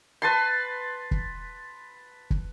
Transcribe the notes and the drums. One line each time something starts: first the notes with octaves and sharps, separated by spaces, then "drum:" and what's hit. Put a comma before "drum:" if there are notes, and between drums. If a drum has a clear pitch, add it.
B4 A5 C6
drum: kick
drum: kick